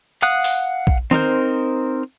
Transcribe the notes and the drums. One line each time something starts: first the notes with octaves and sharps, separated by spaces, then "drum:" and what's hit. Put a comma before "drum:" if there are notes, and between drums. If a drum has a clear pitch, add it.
F5 F#5 D#6 F#6
drum: open hi-hat
drum: kick A#1
C4 D#4 A#4 C5, drum: tom D#3